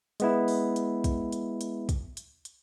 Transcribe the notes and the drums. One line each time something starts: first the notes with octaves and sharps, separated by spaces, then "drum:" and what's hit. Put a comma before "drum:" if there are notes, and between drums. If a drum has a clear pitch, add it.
G#3 B3 E4, drum: hi-hat
drum: open hi-hat
drum: hi-hat
drum: kick, hi-hat
drum: hi-hat
drum: hi-hat
drum: kick, hi-hat
drum: hi-hat
drum: hi-hat